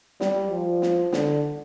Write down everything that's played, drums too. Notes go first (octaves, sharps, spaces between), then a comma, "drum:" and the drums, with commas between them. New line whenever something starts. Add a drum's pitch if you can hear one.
G3, drum: snare
F3
drum: snare
D3, drum: snare